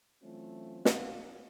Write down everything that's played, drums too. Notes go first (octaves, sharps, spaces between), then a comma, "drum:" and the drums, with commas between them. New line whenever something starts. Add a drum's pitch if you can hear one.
E3 F#3 A3 C4 C#4 F4
A#1 F5 F#5, drum: snare